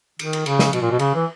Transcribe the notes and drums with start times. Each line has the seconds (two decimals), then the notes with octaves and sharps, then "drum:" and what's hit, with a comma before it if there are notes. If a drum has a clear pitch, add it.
0.19 D#3, drum: cymbal
0.33 drum: cymbal
0.46 C#3, drum: cymbal
0.59 drum: snare
0.73 B2, drum: cymbal
0.82 A#2
0.91 B2
0.99 C#3, drum: cymbal
1.15 E3